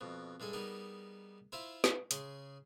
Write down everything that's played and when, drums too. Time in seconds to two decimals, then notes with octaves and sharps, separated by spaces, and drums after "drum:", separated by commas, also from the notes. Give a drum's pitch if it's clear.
0.01 F2 B2
0.40 G2 G#3 A4 G#5
0.53 G3 B3 D#4 G#4 A#4 D#5
1.52 E4 F4 C5 E5 F5
1.84 drum: snare
2.11 C#3 G#4 C6, drum: hi-hat